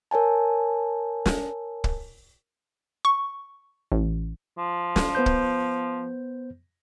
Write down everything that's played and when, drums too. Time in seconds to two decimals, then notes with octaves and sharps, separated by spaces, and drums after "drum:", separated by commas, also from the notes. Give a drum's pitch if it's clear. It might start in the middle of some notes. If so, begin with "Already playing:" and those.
0.11 A#4 C#5 G#5 A5
1.26 drum: snare
1.84 drum: kick
3.05 C#6
3.92 A1
4.58 F3
4.96 drum: snare
5.15 B3 C5 G6
5.26 drum: kick